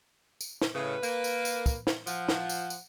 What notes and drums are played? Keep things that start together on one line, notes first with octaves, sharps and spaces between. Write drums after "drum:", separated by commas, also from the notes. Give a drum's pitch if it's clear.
drum: tambourine
drum: snare
A2 C#3 B4
A#3, drum: tambourine
drum: tambourine
drum: tambourine
drum: kick, tambourine
drum: snare
F3 F#5, drum: tambourine
drum: snare
drum: tambourine
drum: tambourine